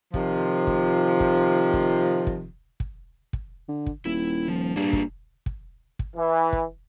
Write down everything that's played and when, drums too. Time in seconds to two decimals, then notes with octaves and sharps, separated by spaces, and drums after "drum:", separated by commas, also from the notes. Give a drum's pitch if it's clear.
0.14 C3 D#3 F3, drum: kick
0.67 drum: kick
1.20 drum: kick
1.73 drum: kick
2.27 drum: kick
2.80 drum: kick
3.33 drum: kick
3.69 D3
3.86 drum: kick
4.05 D#1 E4
4.48 F3
4.76 G2 A#3 D4 G#4
4.93 drum: kick
5.46 drum: kick
5.99 drum: kick
6.16 E3
6.53 drum: kick